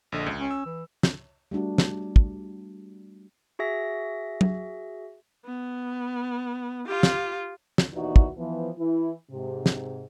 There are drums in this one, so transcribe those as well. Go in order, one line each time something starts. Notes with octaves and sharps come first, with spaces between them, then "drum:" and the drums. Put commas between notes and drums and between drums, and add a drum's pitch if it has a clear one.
A#1 D3 D#5
C#2
C#4
E6
E3
drum: snare
G3 A3 D4 F#4
drum: snare
drum: kick
F#4 G#4 E5 A#6
drum: tom
B3
F4 G4
drum: snare
drum: snare
D#2 B2 E3 D#4 F#4 D5
drum: kick
E3 F3 B3
E3 E4
G#2 C3
drum: snare